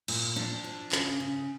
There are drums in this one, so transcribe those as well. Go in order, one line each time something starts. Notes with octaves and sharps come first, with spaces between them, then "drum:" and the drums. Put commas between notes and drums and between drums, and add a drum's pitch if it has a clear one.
A#2, drum: cymbal
F3 D4
F3
C#3, drum: clap
C#3